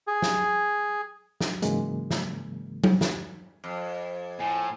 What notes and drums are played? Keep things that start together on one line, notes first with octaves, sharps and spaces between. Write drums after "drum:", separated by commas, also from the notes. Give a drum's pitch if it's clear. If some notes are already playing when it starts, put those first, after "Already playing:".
G#4
drum: snare
drum: snare
G#2 C#3 E3 F#3 G#3 A#3, drum: hi-hat
drum: snare
drum: tom F#3
drum: snare
F2
A2 G#5